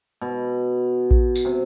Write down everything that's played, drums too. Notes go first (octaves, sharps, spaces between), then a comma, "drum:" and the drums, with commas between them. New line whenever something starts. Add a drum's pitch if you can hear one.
B2
drum: kick A#1
drum: tambourine
C3